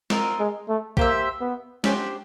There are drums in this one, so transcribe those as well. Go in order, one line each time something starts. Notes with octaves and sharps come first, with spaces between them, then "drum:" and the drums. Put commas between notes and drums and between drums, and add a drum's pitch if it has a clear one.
C4 F4 A#4 D#5, drum: snare
G#3
A3
A#3 G4 C5 E5, drum: kick
B3
C#4 D4 G4 C5, drum: snare